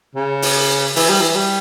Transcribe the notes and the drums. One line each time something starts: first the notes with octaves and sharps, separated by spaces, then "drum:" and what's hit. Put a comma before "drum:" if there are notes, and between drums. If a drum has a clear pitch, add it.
C#3
drum: open hi-hat
E3, drum: open hi-hat
G3
E3
G3